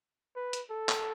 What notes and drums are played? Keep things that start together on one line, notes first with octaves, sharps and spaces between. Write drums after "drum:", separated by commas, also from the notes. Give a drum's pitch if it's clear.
B4
drum: hi-hat
A4
drum: clap